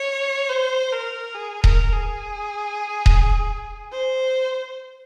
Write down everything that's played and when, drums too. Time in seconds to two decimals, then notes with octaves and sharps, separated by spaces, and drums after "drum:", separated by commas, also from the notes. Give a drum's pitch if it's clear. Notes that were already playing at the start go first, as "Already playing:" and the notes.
Already playing: C#5
0.49 C5
0.92 A#4
1.35 G#4
1.64 A#4, drum: kick D#1
1.93 G#4
3.06 drum: kick D#1
3.91 C5